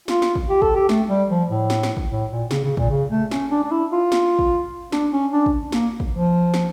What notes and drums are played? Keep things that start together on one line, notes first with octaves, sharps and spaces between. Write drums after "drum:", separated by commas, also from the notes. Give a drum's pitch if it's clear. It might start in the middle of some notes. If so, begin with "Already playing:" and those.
F4, drum: snare
drum: snare
drum: kick
G4
A4, drum: kick
G4
A3, drum: snare
G3
F3
A2
drum: snare
drum: snare
drum: kick
A2
A#2
C#3, drum: snare
C#3
A#2, drum: kick
C#3
A3
C#4, drum: snare
D4
D4
E4
F4
drum: snare
drum: kick
D4, drum: snare
C#4
D4
drum: kick
A#3, drum: snare
drum: kick
F3
drum: snare